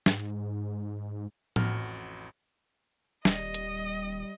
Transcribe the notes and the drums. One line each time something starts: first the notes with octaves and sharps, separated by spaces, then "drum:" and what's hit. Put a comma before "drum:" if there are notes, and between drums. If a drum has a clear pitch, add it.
G#2, drum: snare
A1 F2 F#4 F6, drum: tom A2
D#1 G3 D#5, drum: snare
drum: hi-hat